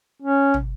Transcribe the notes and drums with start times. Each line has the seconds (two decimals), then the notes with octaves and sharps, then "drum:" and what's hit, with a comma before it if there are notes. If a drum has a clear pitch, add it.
0.22 C#4
0.54 drum: tom